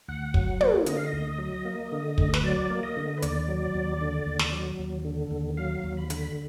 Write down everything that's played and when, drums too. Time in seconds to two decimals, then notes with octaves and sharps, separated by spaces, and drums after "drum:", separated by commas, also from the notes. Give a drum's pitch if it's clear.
0.08 D2 F#5
0.34 F#3, drum: kick
0.61 A#3, drum: tom
0.86 D3 D#5, drum: hi-hat
0.97 F5
1.06 D#5
1.13 D2
1.38 F#3
1.65 A#3
1.92 D3
2.18 D2, drum: kick
2.34 B4, drum: snare
2.44 F#3 D5
2.70 A#3
2.83 D#5
2.97 D3
3.18 B4
3.22 D#2 D5, drum: hi-hat
3.48 F#3
3.74 D#2
4.01 D3
4.26 D#2
4.39 drum: snare
4.52 F#3
4.79 D#2
5.05 D3
5.31 D#2
5.57 F#3 F5
5.84 D#2
5.97 B5
6.10 D3, drum: hi-hat